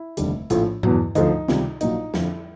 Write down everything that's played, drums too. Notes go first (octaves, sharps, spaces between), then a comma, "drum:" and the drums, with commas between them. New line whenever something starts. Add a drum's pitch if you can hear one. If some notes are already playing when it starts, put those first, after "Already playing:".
Already playing: E4
F1 D#2 D3 G3, drum: hi-hat
A#1 A2 F3 A3, drum: hi-hat
E2 B2 F#3, drum: tom G2
D2 D3 F3 D#4, drum: hi-hat
C#2 C3 D#3 G3, drum: snare
A#1 A#2 F#3 A#3 D#4, drum: hi-hat
F2 D3 F3 E4, drum: snare